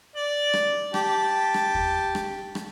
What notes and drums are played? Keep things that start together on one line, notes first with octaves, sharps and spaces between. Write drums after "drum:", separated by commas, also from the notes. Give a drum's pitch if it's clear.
D5
drum: rim click
G4 A5, drum: rim click
drum: rim click
drum: kick
drum: rim click
drum: rim click